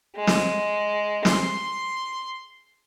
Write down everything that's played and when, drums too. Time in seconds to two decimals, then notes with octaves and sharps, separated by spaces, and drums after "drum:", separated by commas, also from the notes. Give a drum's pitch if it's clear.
0.16 G#3
0.27 drum: snare
1.25 C6, drum: snare